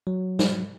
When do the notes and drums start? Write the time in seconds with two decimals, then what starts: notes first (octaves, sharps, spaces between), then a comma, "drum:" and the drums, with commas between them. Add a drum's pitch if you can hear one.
0.07 F#3
0.39 drum: snare